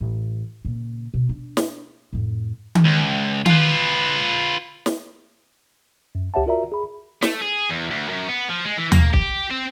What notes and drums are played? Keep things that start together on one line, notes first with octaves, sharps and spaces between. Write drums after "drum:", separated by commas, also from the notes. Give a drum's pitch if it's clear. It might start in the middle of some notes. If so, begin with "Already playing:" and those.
A1
A#2 C#3
B2
D4
drum: snare
F2 A2
drum: tom D#3
C#2
F4 B4, drum: tom D#3
drum: snare
F#2
C#2 G4 C#5 E5 F#5 A5
F4 F#4 A#4 D5 E5 A#5
G#4 B5
A3, drum: snare
G#4
E2
D2
F#2
B3
F3
G#3
E3
A#3, drum: tom D#2
G4, drum: kick B1
C4